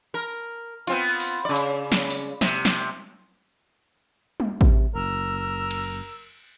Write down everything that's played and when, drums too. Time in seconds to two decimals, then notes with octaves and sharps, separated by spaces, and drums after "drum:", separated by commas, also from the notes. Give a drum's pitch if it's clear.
0.14 A#4
0.87 B3 C4 F4, drum: cymbal
1.20 drum: open hi-hat
1.45 C#3 D5
1.56 drum: hi-hat
1.92 drum: snare
2.10 drum: open hi-hat
2.41 C3, drum: snare
2.65 drum: snare
4.40 drum: tom G3
4.61 C3, drum: kick A1
4.95 F#1 A#4 E6
5.71 drum: cymbal